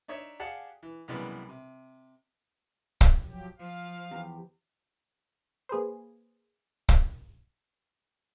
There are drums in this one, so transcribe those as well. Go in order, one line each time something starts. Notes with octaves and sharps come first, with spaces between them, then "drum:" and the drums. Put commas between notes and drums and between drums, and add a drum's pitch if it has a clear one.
D4 D#4 C#5 E5
G4 G#4 D5 F5 F#5 A5
E3
C2 F#2 E3 G3 G#3 B3
C3
drum: kick
F3 F#3 G4
F3 F5
E2 G4
A#3 G#4 B4 C5
drum: kick